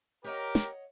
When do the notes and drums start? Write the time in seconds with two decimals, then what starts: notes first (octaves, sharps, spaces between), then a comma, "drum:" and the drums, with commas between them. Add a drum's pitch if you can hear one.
0.24 G4 A#4 C#5 D#5 F#5
0.55 drum: snare